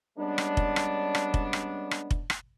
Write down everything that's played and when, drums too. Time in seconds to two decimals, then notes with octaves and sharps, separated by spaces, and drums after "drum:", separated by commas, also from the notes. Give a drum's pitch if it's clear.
0.19 G3 G#3 B3 C#4 D4
0.38 drum: rim click
0.57 drum: kick F1
0.76 drum: rim click
1.15 drum: rim click
1.34 drum: kick F1
1.53 drum: rim click
1.91 drum: rim click
2.11 drum: kick F1
2.30 drum: rim click